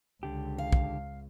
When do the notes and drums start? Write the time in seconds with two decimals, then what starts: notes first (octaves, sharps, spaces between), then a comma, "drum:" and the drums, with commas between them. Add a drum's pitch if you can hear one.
0.23 C#2 D3 G4
0.58 F5
0.72 drum: kick